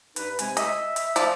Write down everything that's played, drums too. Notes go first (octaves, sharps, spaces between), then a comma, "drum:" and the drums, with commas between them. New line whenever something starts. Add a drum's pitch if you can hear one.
G2 D#4 B4, drum: hi-hat
C3 G#3 G#5, drum: hi-hat
D#5 E5, drum: hi-hat
drum: hi-hat
F3 D5, drum: hi-hat